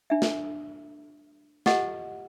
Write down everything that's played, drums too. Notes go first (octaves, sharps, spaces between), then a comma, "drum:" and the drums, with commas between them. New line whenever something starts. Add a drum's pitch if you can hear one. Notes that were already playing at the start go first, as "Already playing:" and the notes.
D4 E5
drum: snare
F4 G4 A4 D#5 F#5, drum: snare